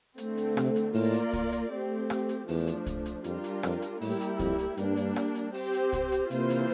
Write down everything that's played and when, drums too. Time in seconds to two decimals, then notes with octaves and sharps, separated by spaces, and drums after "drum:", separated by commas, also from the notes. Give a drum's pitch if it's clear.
0.18 D3 A3 C4, drum: hi-hat
0.38 drum: hi-hat
0.57 C3, drum: rim click
0.76 drum: hi-hat
0.94 A2 A#3 F4 A#4 D5, drum: open hi-hat
1.14 drum: hi-hat
1.33 drum: kick C2, hi-hat
1.52 drum: hi-hat
1.72 A3 C4 G4
2.10 drum: rim click
2.29 drum: hi-hat
2.48 E2 F3 A3 D4, drum: open hi-hat
2.67 drum: hi-hat
2.86 drum: kick C2, hi-hat
3.06 drum: hi-hat
3.24 F2 G3 D4 F4 A#4, drum: hi-hat
3.44 drum: hi-hat
3.63 F2, drum: rim click
3.82 drum: hi-hat
4.01 A2 G3 A#3 E4 G4 A#4, drum: open hi-hat
4.21 drum: hi-hat
4.39 F2, drum: kick C2, hi-hat
4.59 drum: hi-hat
4.77 G2 G3 A#3 D4, drum: hi-hat
4.97 drum: hi-hat
5.16 drum: rim click
5.35 drum: hi-hat
5.54 C4 G4 C5, drum: open hi-hat
5.74 drum: hi-hat
5.93 drum: kick C2, hi-hat
6.12 drum: hi-hat
6.31 C3 E3 A#3 F4 C5, drum: hi-hat
6.50 drum: hi-hat